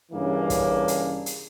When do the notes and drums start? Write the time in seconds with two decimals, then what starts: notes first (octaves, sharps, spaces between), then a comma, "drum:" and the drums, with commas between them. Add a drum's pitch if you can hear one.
0.12 G2 C#3 E3 A#3 C#4 D4
0.50 drum: kick, hi-hat
0.88 drum: hi-hat
1.26 drum: hi-hat